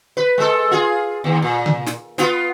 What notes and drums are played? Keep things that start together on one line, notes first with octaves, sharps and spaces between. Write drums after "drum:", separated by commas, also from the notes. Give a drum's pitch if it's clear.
B4
G#3 A4
F4 G#4
D#2
A#2
drum: tom C3
drum: snare
B3 F4, drum: snare